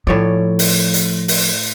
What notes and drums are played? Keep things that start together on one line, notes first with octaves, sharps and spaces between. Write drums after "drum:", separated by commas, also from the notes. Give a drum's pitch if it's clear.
A2 F3 C#5 D5
drum: open hi-hat
drum: hi-hat
drum: open hi-hat